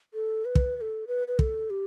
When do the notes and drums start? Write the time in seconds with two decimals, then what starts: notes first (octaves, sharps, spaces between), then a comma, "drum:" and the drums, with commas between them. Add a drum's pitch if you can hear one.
0.14 A4
0.45 B4
0.55 drum: kick
0.76 B4
0.81 A4
1.07 B4
1.28 B4
1.39 A4, drum: kick
1.70 G4